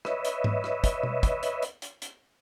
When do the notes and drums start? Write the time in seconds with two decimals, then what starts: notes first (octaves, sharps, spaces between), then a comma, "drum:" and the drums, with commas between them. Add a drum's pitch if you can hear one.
0.05 B4 C#5 D#5 E5, drum: rim click
0.25 drum: hi-hat
0.44 drum: tom G#2
0.64 drum: rim click
0.84 drum: kick, hi-hat
1.03 drum: tom B2
1.23 drum: kick, hi-hat
1.43 drum: hi-hat
1.62 drum: hi-hat
1.82 drum: hi-hat
2.02 drum: hi-hat